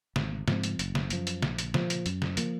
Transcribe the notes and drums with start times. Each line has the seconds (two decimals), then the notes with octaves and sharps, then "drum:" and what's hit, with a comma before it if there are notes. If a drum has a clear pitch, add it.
0.16 G#1, drum: snare
0.48 G#2 F3 C4, drum: snare
0.64 drum: hi-hat
0.79 F#1, drum: hi-hat
0.95 drum: snare
1.10 F#2 F3, drum: hi-hat
1.27 drum: hi-hat
1.42 A#1, drum: snare
1.58 drum: hi-hat
1.74 A#2 F3, drum: snare
1.90 drum: hi-hat
2.06 F#2, drum: hi-hat
2.22 drum: snare
2.37 F3 A#3, drum: hi-hat